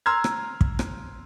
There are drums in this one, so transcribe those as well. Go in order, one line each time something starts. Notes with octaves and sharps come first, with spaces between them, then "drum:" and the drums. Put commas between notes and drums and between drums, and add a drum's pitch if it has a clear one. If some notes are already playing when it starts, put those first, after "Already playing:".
A#5 C6 E6 F6 G#6
drum: rim click
drum: kick
drum: rim click